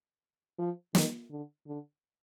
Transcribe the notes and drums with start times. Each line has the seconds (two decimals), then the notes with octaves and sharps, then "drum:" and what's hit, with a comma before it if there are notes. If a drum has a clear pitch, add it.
0.59 F3
0.95 D#3, drum: snare
1.31 D3
1.67 D3